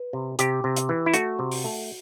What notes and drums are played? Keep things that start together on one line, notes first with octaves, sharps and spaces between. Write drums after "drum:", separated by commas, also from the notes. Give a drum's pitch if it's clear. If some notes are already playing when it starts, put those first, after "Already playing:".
Already playing: B4
C3
C3 G4, drum: hi-hat
C3
drum: hi-hat
E3
E4
A3 F#4, drum: hi-hat
C3
drum: open hi-hat
A3